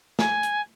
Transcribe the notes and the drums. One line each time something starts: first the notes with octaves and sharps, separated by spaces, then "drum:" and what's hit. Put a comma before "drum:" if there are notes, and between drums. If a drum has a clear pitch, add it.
G#5, drum: snare
drum: hi-hat